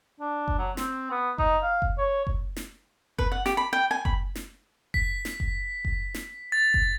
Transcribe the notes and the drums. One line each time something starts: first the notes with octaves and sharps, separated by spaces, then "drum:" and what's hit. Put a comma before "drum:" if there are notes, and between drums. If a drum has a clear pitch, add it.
D4
drum: kick F#1
F#3
C4, drum: snare
B3
D#4, drum: kick F#1
F5
drum: kick F#1
C#5
drum: kick F#1
drum: snare
B4, drum: kick F#1
F#5
G4, drum: snare
B5
G5
G#5
B5, drum: kick F#1
drum: snare
B6, drum: kick F#1
drum: snare
drum: kick F#1
drum: kick F#1
drum: snare
A6
drum: kick F#1